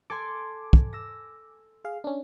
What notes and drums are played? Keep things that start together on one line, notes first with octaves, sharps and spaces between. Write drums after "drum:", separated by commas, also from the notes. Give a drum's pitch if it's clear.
A4 G#5 C6 D6
drum: kick
E6 A#6
G#4 F5
C#4 D4